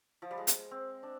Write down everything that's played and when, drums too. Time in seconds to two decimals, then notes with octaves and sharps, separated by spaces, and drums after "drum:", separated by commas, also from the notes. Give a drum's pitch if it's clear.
0.22 F3
0.31 G3
0.38 G#3
0.47 drum: hi-hat
0.71 C4
1.03 D4